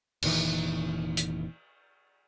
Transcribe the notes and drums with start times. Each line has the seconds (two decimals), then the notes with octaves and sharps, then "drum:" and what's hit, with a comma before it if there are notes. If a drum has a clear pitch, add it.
0.22 F1 A#2 D#3 E3, drum: cymbal
1.17 drum: hi-hat